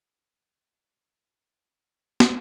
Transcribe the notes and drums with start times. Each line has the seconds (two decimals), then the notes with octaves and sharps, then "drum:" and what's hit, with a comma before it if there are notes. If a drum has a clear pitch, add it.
0.07 D#7 F7 G7
0.73 E4 C#6 D#7
1.67 D6 F7
2.20 drum: snare